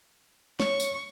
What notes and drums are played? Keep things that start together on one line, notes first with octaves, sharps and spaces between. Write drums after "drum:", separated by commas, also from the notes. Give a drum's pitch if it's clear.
C#5 C#6, drum: snare
drum: tambourine